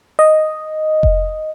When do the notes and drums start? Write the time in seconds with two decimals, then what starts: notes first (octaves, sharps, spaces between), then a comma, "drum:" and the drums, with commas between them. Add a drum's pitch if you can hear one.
0.19 D#5
1.03 drum: kick F1